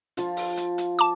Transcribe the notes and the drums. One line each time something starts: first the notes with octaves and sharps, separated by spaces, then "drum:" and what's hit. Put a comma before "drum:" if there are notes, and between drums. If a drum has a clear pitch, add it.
F3 F4, drum: hi-hat
drum: open hi-hat
drum: hi-hat
drum: hi-hat
A5 D6, drum: hi-hat